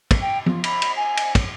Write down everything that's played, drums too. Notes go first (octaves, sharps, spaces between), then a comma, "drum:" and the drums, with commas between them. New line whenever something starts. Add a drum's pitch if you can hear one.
drum: kick, cymbal
G5
F4, drum: tom F3
B5, drum: cymbal
drum: cymbal
G#5
drum: cymbal
drum: kick, cymbal